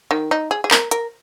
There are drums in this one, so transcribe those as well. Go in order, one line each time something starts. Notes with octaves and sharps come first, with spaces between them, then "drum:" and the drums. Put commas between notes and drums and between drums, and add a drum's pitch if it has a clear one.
D#3
D#4
G#4
G#4
A#4, drum: clap
A#4, drum: hi-hat